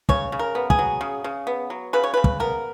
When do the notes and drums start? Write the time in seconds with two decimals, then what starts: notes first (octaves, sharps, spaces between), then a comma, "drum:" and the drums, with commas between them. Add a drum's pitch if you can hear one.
0.09 C#3 C#5, drum: kick
0.32 C#3
0.39 A#4
0.55 B3
0.70 G#4, drum: kick
0.79 F#3
1.01 C#3
1.24 C#3
1.47 B3
1.70 F#3
1.93 C#3 B4
2.04 C#5
2.14 C#3 B4
2.24 drum: kick
2.40 B3 A#4